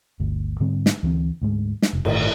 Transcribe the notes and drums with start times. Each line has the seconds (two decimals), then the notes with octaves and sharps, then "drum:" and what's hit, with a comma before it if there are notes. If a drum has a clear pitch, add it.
0.20 G1 D2
0.60 G#2 D3 G3 C4
0.86 drum: snare
1.03 D2 E3 F3 C4
1.42 D2 G#2 G#3
1.82 drum: snare
1.93 F1
2.05 G1 A2 D#3, drum: cymbal